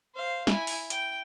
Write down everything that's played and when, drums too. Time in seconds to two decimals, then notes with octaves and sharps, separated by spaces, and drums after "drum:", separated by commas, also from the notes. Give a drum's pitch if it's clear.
0.15 C5 F5
0.47 E4 G#5, drum: snare
0.67 drum: open hi-hat
0.90 G5, drum: hi-hat